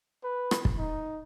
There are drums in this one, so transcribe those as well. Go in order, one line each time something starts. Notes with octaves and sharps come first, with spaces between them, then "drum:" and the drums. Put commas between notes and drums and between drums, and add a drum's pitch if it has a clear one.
B4
drum: rim click
drum: kick
D#4